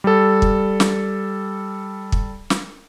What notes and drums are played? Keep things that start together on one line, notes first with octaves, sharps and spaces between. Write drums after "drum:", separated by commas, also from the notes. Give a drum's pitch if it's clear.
G3 A4
drum: kick
drum: snare
drum: kick
drum: snare